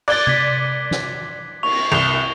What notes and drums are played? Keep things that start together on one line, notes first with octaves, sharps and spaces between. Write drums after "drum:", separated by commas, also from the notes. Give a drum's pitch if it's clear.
D5 F#6 G#6 A6 G7, drum: cymbal
G#6 B6, drum: tom C3
drum: snare
C#6 F7, drum: cymbal
C2 F7 G7